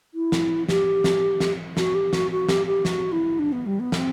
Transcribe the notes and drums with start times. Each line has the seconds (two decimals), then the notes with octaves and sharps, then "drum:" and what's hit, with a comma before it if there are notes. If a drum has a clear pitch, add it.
0.14 E4
0.32 drum: snare
0.69 G4, drum: snare
1.04 drum: snare
1.40 drum: snare
1.77 F#4, drum: snare
1.94 G4
2.13 F#4, drum: snare
2.31 F#4
2.49 G4, drum: snare
2.66 G4
2.85 F#4, drum: snare
3.12 E4
3.39 D4
3.52 B3
3.66 G3
3.79 B3
3.92 C4, drum: snare